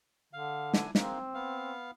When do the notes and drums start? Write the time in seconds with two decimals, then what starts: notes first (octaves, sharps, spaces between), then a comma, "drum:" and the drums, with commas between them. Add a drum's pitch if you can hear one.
0.33 D3 F5
0.73 D4 E4 G#5, drum: snare
0.95 G#3 A#3 C4 D#4, drum: snare
1.34 B3 F5